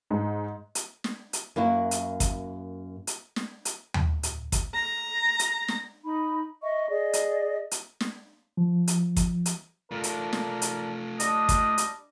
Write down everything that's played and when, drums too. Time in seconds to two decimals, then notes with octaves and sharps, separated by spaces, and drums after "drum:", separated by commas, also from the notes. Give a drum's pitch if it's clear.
0.11 G#2
0.75 drum: hi-hat
1.04 drum: snare
1.33 drum: hi-hat
1.56 F#2 A#3 E4 F#4
1.91 drum: hi-hat
2.20 drum: kick, hi-hat
3.07 drum: hi-hat
3.36 drum: snare
3.65 drum: hi-hat
3.94 drum: tom D#2
4.23 drum: hi-hat
4.52 drum: kick, hi-hat
4.74 A#5
5.39 drum: hi-hat
5.68 drum: snare
6.03 D#4 B5
6.61 D#5 E5 C#6
6.89 G#4 D5 D#5
7.13 drum: hi-hat
7.71 drum: hi-hat
8.00 drum: snare
8.57 F3
8.88 drum: hi-hat
9.17 drum: kick, hi-hat
9.46 drum: hi-hat
9.91 A3 D4 F4 A#4
10.04 drum: hi-hat
10.33 drum: snare
10.62 drum: hi-hat
11.20 G3 D4 D#5, drum: hi-hat
11.49 drum: kick, hi-hat
11.78 drum: hi-hat